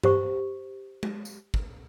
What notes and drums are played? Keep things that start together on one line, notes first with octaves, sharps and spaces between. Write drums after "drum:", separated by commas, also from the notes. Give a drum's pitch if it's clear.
G4 C5 C#6, drum: tom G2
drum: tom G#3
drum: tambourine
drum: kick